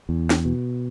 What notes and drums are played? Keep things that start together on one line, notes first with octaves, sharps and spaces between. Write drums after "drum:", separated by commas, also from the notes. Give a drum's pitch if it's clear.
E2
drum: snare
B2